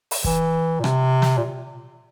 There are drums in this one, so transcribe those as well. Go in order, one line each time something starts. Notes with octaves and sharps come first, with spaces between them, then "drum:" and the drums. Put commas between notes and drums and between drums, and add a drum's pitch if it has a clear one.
drum: open hi-hat
E3, drum: kick
A#2
C3, drum: rim click
drum: snare
A#2